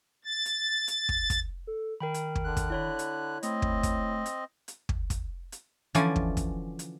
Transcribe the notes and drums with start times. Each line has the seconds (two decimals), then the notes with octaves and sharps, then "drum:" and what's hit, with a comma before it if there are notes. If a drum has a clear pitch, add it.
0.25 A6
0.45 drum: hi-hat
0.88 drum: hi-hat
1.09 drum: kick
1.30 drum: kick, hi-hat
1.67 A4
2.00 D#3 A#4 G5 B5
2.14 drum: hi-hat
2.35 drum: kick
2.45 D3 F#6
2.57 drum: kick, hi-hat
2.70 E4 C#5 B5
2.99 drum: hi-hat
3.43 A3 C4 D#5, drum: hi-hat
3.62 drum: kick
3.83 drum: kick, hi-hat
4.26 drum: hi-hat
4.68 drum: hi-hat
4.89 drum: kick
5.10 drum: kick, hi-hat
5.52 drum: hi-hat
5.95 D3 E3 F3 C#4 D5 G#5, drum: hi-hat
6.16 drum: kick
6.37 drum: kick, hi-hat
6.79 drum: hi-hat